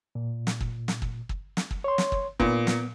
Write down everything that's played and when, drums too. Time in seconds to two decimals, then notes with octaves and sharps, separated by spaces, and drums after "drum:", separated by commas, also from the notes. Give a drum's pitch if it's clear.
0.15 A#2
0.47 drum: snare
0.61 drum: kick
0.88 drum: snare
1.02 drum: kick
1.29 drum: kick
1.57 drum: snare
1.71 drum: kick
1.84 C#5 C6
1.98 drum: snare
2.12 drum: kick
2.40 A#2 B3, drum: kick
2.67 drum: snare